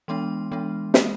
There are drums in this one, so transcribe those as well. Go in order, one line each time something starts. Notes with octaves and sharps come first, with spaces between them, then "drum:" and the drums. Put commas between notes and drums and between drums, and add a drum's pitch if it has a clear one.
E3 G#3 B3 D4 C6
E3 G#3 B3 D4
G#3 C4, drum: snare